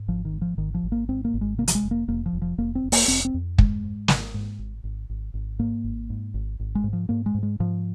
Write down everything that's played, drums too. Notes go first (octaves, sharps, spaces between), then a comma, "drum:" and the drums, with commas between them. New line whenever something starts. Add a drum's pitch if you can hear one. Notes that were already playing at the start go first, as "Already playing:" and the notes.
Already playing: G#2
G#1 F3
D#3
G#2
F3
G#1 D#3
F3
G#1
A#3
G#2 C4
A#3
G#1
G#3
C3 A#3
F3, drum: hi-hat
G#3
F1
A#3
F1 A#3
F3
F1
F3
F1 A#3
C4
F1
A#3, drum: open hi-hat
F1 C4
C4
F2
G#2 G#3, drum: kick
G#2
G#1, drum: snare
G#2
G#1
G#1
G#1
G#1
G#2 A#3
G#1
G#2
G#1
G#1
G#3
G#2
F3
G#2 A#3
G#3
G#2
G#3
G#2 F3